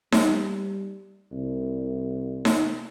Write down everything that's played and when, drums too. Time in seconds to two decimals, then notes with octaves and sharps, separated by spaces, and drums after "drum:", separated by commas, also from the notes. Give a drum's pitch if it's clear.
0.12 G3, drum: snare D#4
1.32 C2
2.45 drum: snare D#4